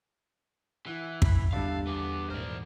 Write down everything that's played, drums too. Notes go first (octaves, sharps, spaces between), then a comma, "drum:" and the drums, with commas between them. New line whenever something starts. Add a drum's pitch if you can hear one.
E3 E4 F#5
B5, drum: kick
E2 D3 G3 A4 F5
E3 B3 D6
G#1 A#2 E3 A#4 C5 D5